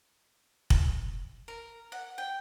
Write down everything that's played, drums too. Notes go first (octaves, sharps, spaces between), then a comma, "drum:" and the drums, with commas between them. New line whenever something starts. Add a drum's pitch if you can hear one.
drum: kick
A#4
F#5
G5